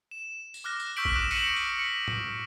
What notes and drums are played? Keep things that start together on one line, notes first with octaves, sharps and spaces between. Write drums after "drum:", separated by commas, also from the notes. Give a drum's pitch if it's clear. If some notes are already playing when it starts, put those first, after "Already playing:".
E7
drum: tambourine
D6 F6 F#6 A#6
drum: tambourine
C#6 E6 G6 B6 D7 F#7
drum: kick G#1
D#6 F#6 E7
A#6 B6 C#7 D#7 E7 F#7, drum: tambourine
drum: tambourine
B6 C#7
drum: tom